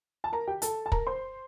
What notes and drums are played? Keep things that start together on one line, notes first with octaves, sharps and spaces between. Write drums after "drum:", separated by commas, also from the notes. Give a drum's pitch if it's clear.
A5
A#4 A#5
G4 G5
A4 A5, drum: hi-hat
A5
A#4 A#5, drum: kick
C5 C6